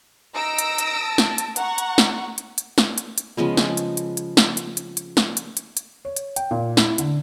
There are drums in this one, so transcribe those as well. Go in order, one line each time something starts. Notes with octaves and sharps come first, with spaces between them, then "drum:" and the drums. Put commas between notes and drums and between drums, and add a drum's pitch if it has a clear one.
D#4 E6 A#6 D7
drum: hi-hat
drum: hi-hat
A5
drum: snare
drum: hi-hat
F#5 A#5 C#6, drum: hi-hat
drum: hi-hat
drum: snare
drum: hi-hat
drum: hi-hat
drum: snare
drum: hi-hat
drum: hi-hat
C#3 F3 G#3 B3
drum: snare
drum: hi-hat
drum: hi-hat
drum: hi-hat
drum: snare
drum: hi-hat
drum: hi-hat
drum: hi-hat
drum: snare
drum: hi-hat
drum: hi-hat
drum: hi-hat
C#5
drum: hi-hat
G5, drum: hi-hat
A#2
E4, drum: snare
D3, drum: hi-hat